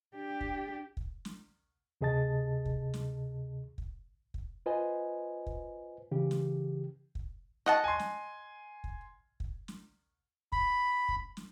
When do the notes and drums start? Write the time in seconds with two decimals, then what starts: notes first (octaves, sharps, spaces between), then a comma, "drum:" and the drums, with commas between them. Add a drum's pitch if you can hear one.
0.15 D4 G4
0.41 drum: kick
0.97 drum: kick
1.25 drum: snare
2.01 D2 C3 G#4 D#5 A5 A6
2.65 drum: kick
2.94 drum: snare
3.78 drum: kick
4.34 drum: kick
4.66 F4 B4 C5 D#5 G#5
5.47 drum: kick
6.11 C#3 E3 G4
6.31 drum: snare
7.15 drum: kick
7.66 D#5 F#5 A5
7.84 G#5 C6
7.99 drum: snare
8.84 drum: kick
9.40 drum: kick
9.68 drum: snare
10.52 B5, drum: kick
11.09 drum: kick
11.37 drum: snare